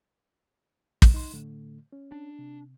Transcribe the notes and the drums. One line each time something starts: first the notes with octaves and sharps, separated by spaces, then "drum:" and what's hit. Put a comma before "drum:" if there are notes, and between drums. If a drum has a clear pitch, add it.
drum: kick
D#4 C6
A2 D3 A3
C#4
D4
C3